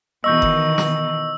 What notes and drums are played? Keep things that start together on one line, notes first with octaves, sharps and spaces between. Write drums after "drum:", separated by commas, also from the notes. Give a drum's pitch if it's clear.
B2 D#3 E3 D#5 C#6 E6 G6
drum: kick F#1
drum: snare